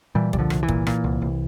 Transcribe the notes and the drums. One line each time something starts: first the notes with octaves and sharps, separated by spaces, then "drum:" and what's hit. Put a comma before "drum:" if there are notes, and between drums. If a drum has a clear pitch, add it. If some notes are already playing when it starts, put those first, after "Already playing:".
A#2 E3 G3
C2 G3, drum: kick
D3 F3
C2, drum: rim click
E3
A#2, drum: kick
A#2, drum: rim click
C2
C2